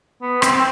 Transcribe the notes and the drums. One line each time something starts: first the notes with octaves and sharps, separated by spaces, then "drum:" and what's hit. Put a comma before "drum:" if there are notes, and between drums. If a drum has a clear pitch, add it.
B3
C4, drum: rim click
C4